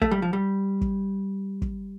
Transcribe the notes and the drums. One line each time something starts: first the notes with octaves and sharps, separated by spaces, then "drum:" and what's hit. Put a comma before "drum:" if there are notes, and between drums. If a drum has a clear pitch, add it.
A3, drum: kick
G3
F3
G3
drum: kick
drum: kick